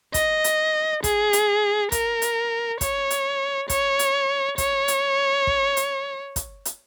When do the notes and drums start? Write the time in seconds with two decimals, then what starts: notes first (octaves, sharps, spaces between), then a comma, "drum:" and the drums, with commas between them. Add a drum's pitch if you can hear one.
0.14 D#5, drum: kick, hi-hat
0.44 drum: hi-hat
1.04 G#4, drum: kick, hi-hat
1.33 drum: hi-hat
1.92 A#4, drum: kick, hi-hat
2.22 drum: hi-hat
2.81 C#5, drum: kick, hi-hat
3.10 drum: hi-hat
3.70 C#5, drum: kick, hi-hat
3.99 drum: hi-hat
4.58 C#5, drum: kick, hi-hat
4.88 drum: hi-hat
5.47 drum: kick
5.77 drum: hi-hat
6.36 drum: kick, hi-hat
6.65 drum: hi-hat